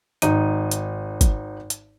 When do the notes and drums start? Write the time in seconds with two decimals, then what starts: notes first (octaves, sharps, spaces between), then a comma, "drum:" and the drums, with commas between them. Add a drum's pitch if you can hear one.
0.22 G#1 D#4 D#7, drum: hi-hat
0.71 drum: hi-hat
1.21 drum: kick G1, hi-hat
1.70 drum: hi-hat